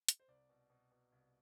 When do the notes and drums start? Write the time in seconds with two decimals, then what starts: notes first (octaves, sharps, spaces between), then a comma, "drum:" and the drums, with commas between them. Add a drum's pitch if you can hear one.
0.09 drum: hi-hat
0.20 C5
0.28 C2 D5
0.49 B2
0.70 B2
0.92 B2
1.12 C2